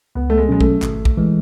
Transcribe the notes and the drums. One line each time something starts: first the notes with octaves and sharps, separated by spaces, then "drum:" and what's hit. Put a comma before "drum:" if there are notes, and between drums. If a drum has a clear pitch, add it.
C#2 B3
A3
G#3
B2 F#3 G#3 C#4
A3, drum: kick
G#1, drum: clap
drum: kick
E3 G#3